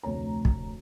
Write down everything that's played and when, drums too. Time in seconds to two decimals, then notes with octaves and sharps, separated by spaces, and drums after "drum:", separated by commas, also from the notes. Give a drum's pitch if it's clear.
0.03 F1 D2 C#5 A#5
0.45 drum: kick